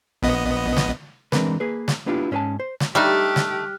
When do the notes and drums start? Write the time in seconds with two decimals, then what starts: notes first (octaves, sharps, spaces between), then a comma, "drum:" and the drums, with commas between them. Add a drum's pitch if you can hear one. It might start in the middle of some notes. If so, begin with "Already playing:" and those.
0.23 A#1 B3 D#5
0.77 drum: snare
1.32 E3 G#3 C4 D4 A#4 B4, drum: snare
1.60 A#3 G#4 B4
1.88 drum: snare
2.06 A#3 B3 D4 E4 F4 G4
2.31 G#2 C#4 E4 C5 G#5 A5
2.60 C5
2.80 drum: snare
2.95 G3 A3 D4 D#4 G4 F6 F#6
3.36 drum: snare